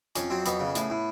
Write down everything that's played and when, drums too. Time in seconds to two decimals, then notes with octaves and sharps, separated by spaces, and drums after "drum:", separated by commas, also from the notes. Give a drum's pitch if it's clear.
0.16 F2 C#4, drum: hi-hat
0.30 F#3 C4
0.46 F2 B3, drum: hi-hat
0.60 C#3
0.75 A2, drum: hi-hat
0.90 A2